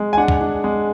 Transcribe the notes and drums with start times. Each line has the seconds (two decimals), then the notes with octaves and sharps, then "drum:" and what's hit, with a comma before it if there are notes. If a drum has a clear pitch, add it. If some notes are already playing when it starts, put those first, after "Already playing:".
Already playing: G#3
0.13 G#5
0.17 D4 F#5
0.28 drum: kick
0.41 D4
0.64 G#3